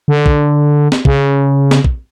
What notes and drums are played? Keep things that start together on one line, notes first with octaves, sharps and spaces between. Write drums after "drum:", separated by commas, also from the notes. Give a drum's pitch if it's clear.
D3
drum: kick
drum: snare
C#3, drum: kick
drum: snare
drum: kick